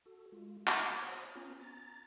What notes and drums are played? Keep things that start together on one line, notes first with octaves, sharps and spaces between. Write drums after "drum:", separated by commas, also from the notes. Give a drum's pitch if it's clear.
F#4 A4
G#3 F4
A6, drum: clap
C5 C#5 A#5 B5 D#6 F6
B3 C#4 F4 G#5 A#5
A#5 A6